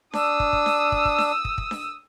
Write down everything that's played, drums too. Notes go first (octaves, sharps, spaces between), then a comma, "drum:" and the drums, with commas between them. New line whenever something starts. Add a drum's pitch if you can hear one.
D4 D#6 E6, drum: snare D4
drum: kick
drum: kick
drum: snare D4
drum: kick
drum: kick
drum: snare D4
drum: kick
drum: kick
drum: snare D4